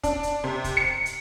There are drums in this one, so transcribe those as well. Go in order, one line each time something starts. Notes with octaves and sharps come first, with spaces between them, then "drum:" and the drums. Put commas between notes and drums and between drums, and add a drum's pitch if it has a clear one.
D4, drum: kick, hi-hat
drum: hi-hat
C3
drum: kick, hi-hat
C#7
drum: hi-hat